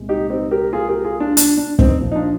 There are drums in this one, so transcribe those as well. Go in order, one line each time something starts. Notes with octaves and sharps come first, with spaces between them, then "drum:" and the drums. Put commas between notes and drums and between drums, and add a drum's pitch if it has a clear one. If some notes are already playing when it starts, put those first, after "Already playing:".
Already playing: C2 A#2 G#3
D#4 G4
C4 D#4
G4 A#4
F4 G#4
G4 A#4
F4 G#4
D4 F4
D4, drum: hi-hat
D4
C4 D#4, drum: kick
A#1 A#2 F3
D#4
D4 F4